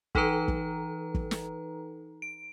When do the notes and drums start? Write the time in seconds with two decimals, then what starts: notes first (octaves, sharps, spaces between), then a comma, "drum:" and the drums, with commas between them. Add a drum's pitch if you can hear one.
0.15 E3 D#4 A4 B4 A#5, drum: kick
0.48 drum: kick
1.14 drum: kick
1.31 drum: snare
2.22 D7